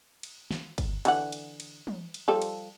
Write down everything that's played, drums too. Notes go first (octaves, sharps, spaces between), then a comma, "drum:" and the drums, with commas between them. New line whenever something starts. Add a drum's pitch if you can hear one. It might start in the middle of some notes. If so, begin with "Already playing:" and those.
drum: cymbal
drum: snare
drum: kick, cymbal
D3 E3 F#5, drum: cymbal
drum: cymbal
drum: cymbal
drum: tom
drum: cymbal
F3 G3 A4
drum: cymbal